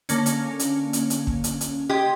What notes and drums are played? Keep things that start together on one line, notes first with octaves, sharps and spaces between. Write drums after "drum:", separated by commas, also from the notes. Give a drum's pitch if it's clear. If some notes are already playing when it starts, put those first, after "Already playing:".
D3 A#3 C#4, drum: hi-hat
drum: hi-hat
drum: hi-hat
drum: hi-hat
drum: hi-hat
drum: kick
drum: hi-hat
drum: hi-hat
G4 D#5 C6 G#6